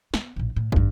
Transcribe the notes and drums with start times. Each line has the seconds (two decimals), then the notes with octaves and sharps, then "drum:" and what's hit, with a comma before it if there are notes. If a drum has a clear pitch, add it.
0.14 B3, drum: snare
0.36 A#1 A2
0.56 A2
0.72 F1 G2, drum: kick